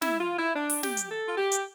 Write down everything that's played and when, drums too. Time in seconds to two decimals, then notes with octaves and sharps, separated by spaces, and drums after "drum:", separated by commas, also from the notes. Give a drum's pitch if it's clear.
0.02 E4, drum: snare
0.20 F4
0.38 E4
0.56 D4
0.70 drum: open hi-hat
0.83 G4, drum: snare
0.97 drum: hi-hat
1.10 A4
1.28 F4
1.38 G4
1.52 drum: hi-hat